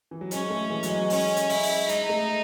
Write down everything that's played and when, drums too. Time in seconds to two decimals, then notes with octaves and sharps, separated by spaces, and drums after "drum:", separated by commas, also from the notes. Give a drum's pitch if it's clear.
0.11 E3
0.21 F#3
0.31 G#3 C#4, drum: hi-hat
0.50 A3
0.70 E3
0.83 F#3, drum: hi-hat
0.90 G#3
1.10 G#3 C#4, drum: open hi-hat
1.36 drum: hi-hat
1.49 G#3 E4, drum: open hi-hat
1.63 drum: open hi-hat
1.89 G#3 D#4, drum: hi-hat
2.09 A3